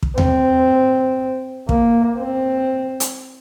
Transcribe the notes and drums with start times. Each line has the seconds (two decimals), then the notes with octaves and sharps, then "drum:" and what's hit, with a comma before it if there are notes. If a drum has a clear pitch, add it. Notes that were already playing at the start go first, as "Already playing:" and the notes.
0.03 drum: kick
0.18 C4, drum: tom D#2
1.69 A#3, drum: kick
2.19 C4
3.00 drum: hi-hat